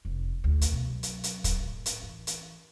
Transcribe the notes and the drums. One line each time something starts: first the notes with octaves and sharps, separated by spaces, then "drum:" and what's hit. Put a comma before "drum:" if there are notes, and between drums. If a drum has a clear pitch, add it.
F1
D2
drum: hi-hat
B2
F#3
drum: hi-hat
drum: hi-hat
drum: kick, hi-hat
A2
drum: hi-hat
E3
drum: hi-hat